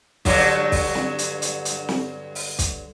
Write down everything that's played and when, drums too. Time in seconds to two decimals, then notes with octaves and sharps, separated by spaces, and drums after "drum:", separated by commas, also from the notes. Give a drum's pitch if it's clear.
0.25 G2 D3 F#3, drum: kick, open hi-hat
0.72 drum: kick, open hi-hat
0.95 drum: snare
1.19 drum: hi-hat
1.42 drum: hi-hat
1.65 drum: hi-hat
1.89 drum: snare
2.35 drum: open hi-hat
2.59 drum: kick, hi-hat